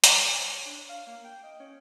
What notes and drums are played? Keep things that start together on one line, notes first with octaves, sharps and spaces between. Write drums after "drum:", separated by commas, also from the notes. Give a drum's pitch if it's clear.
G3, drum: hi-hat
D5
C#5
D4
F5
A#3
G5
D#5
C#4